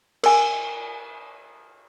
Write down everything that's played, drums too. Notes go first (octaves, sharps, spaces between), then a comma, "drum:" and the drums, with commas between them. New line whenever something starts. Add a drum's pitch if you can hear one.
A#4 G#5, drum: cymbal